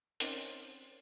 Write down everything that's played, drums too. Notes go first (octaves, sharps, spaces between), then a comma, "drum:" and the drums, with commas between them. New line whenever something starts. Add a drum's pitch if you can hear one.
C4 C#4 D#4 A#4 C5 D5, drum: hi-hat